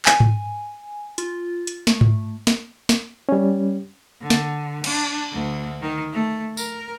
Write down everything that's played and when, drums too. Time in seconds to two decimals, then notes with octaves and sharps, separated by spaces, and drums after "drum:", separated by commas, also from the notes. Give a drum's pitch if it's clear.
0.05 G#5, drum: clap
0.20 drum: tom G#2
1.18 F4, drum: hi-hat
1.67 drum: hi-hat
1.87 A3, drum: snare
2.01 drum: tom G#2
2.47 drum: snare
2.89 drum: snare
3.29 G3 C#4
4.21 D3
4.30 drum: snare
4.84 D4, drum: cymbal
5.32 D2
5.81 D#3
6.13 A3
6.57 A#4, drum: tambourine